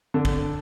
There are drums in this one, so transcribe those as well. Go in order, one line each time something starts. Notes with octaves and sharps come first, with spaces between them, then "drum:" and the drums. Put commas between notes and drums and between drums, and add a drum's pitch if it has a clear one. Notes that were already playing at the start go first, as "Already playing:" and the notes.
D3
drum: kick